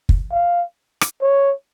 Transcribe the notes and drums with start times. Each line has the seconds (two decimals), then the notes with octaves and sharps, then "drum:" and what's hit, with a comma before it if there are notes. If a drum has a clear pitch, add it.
0.09 drum: kick
0.32 F5
1.01 drum: rim click
1.21 C#5